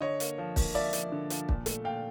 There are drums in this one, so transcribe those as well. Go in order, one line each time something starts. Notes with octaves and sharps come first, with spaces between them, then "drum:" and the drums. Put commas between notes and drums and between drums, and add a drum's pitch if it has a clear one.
D3 C#5 D#5
A#3, drum: hi-hat
F3
A#3, drum: kick, open hi-hat
F3 D5 E5
F3, drum: hi-hat
D3
F3, drum: hi-hat
A#2, drum: kick
A3, drum: hi-hat
A#2 F5 G5